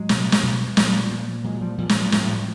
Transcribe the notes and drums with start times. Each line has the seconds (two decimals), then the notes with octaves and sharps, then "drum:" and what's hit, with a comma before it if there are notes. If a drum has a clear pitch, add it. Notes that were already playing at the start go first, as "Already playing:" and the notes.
Already playing: A2 F#3 G#3
0.09 B2, drum: snare
0.32 drum: snare
0.43 B2
0.77 A#2 F3 G3, drum: snare
1.11 A#2
1.44 A#2 F#3 G#3
1.61 F3 G3
1.78 A#2 F3 G3
1.89 G#3, drum: snare
1.95 F3 G3
2.12 A2, drum: snare
2.29 F3 G3